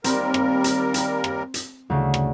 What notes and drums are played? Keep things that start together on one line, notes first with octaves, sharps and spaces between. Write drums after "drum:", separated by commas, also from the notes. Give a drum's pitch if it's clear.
D#2 G3 C4 A#4, drum: hi-hat
drum: rim click
drum: hi-hat
drum: hi-hat
drum: rim click
drum: hi-hat
D2 C#3
drum: rim click